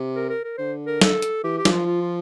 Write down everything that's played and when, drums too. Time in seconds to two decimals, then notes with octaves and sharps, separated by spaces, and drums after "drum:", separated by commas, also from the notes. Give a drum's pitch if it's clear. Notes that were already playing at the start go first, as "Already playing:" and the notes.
Already playing: C3
0.16 A#4
0.29 A#4
0.44 A#4
0.58 D3 C5
0.87 A#4
1.01 A4, drum: snare
1.22 drum: hi-hat
1.44 E3 G4
1.58 G4
1.65 F3, drum: snare
1.72 F4
1.86 F4
2.01 F4